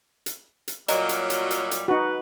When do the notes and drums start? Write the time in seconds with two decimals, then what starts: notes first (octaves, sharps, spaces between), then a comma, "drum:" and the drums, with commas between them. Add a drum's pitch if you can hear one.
0.26 drum: hi-hat
0.68 drum: hi-hat
0.88 A#2 F#3 G3 D5 D#5 A#5, drum: hi-hat
1.09 drum: hi-hat
1.30 drum: hi-hat
1.51 drum: hi-hat
1.71 drum: hi-hat
1.88 D#4 F#4 B4